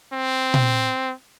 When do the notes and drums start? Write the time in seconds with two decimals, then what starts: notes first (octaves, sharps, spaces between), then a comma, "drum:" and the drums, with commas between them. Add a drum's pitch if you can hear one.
0.13 C4
0.54 drum: tom A#2